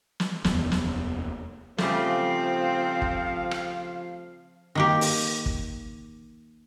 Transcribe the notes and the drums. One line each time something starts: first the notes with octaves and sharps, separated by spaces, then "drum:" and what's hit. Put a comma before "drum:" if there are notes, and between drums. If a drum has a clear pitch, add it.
drum: snare
F1 D#2 B3, drum: snare
drum: snare
C#3 F3 G3 A3 C4 F5, drum: snare
drum: kick
drum: rim click
D#3 A#3 G4
drum: open hi-hat
drum: kick